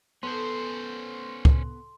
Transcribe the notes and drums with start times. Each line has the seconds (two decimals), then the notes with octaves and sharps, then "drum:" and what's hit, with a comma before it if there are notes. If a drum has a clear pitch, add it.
0.23 B3 C#4 A4 C5 C6
1.45 drum: kick C#2